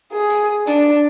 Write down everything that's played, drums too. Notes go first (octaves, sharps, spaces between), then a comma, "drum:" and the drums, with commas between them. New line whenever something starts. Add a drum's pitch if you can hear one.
G#4
drum: tambourine
D4, drum: tambourine